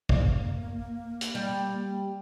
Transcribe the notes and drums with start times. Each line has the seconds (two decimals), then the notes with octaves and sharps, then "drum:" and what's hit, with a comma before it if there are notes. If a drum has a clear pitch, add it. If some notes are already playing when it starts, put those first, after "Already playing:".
0.09 A#3, drum: kick
1.21 drum: hi-hat
1.35 G3